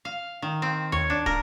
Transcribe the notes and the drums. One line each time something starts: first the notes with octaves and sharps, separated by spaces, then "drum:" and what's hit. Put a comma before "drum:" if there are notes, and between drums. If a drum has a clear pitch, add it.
F5
D#3
C4
C#5, drum: tom D#2
D4
A#4, drum: kick